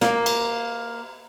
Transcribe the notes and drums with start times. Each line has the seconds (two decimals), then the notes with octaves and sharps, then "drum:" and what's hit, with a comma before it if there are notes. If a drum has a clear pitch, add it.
0.01 A#3, drum: snare
0.26 drum: cymbal